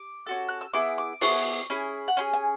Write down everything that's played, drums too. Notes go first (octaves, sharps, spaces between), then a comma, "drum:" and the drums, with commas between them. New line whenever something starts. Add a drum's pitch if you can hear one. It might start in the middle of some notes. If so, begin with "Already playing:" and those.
Already playing: D6
C#4 F#4 A4
F#6
E6
B3 E4 G#4 D6
D6
B3 E4 G#4 C#6, drum: open hi-hat
C#4 E4 G#4
F#5
C#4 E4 G#4 G#5
G#5